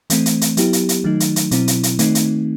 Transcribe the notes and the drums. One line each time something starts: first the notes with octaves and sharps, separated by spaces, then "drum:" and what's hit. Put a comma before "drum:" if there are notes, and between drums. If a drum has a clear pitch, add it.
E3 A3 C4, drum: hi-hat
drum: hi-hat
drum: hi-hat
F#3 B3 E4 G4, drum: hi-hat
drum: hi-hat
drum: hi-hat
D#3 F#3 A3 D#4
drum: hi-hat
drum: hi-hat
B2 F#3 C4 E4, drum: hi-hat
drum: hi-hat
drum: hi-hat
D#3 A3 C4 D#4, drum: hi-hat
drum: hi-hat